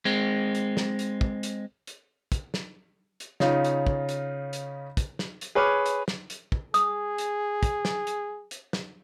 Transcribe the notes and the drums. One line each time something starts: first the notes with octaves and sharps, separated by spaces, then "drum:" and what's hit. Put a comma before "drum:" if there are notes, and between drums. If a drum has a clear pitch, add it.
G#3 C4
drum: hi-hat
drum: snare
drum: hi-hat
drum: kick
drum: hi-hat
drum: hi-hat
drum: kick, hi-hat
drum: snare
drum: hi-hat
C#3 C#4 D#4 F4, drum: snare
drum: hi-hat
drum: kick
drum: hi-hat
drum: hi-hat
drum: kick, hi-hat
drum: snare
drum: hi-hat
G#4 B4 C#5 D6 F6
drum: hi-hat
drum: snare
drum: hi-hat
drum: kick
G#4 D#6, drum: hi-hat
drum: hi-hat
drum: kick, hi-hat
drum: snare
drum: hi-hat
drum: hi-hat
drum: snare